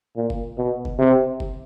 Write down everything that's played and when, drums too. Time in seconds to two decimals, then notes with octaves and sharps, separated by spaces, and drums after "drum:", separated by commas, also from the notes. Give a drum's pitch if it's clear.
0.17 A#2
0.30 drum: kick F#1
0.58 B2
0.85 drum: kick F#1
0.99 C3
1.40 drum: kick F#1